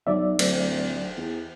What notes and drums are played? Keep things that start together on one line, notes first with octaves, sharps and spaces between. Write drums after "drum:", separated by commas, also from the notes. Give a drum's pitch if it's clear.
B1 F#3 D5 E5
D1, drum: cymbal
E2